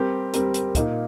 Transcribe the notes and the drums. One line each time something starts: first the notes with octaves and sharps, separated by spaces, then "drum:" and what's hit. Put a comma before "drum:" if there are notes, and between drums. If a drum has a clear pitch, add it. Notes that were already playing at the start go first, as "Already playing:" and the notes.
Already playing: G3 C4 G4 A#4
G3 C4 G4 A#4, drum: hi-hat
drum: hi-hat
A#2 A#3 D#4 A#4, drum: kick, hi-hat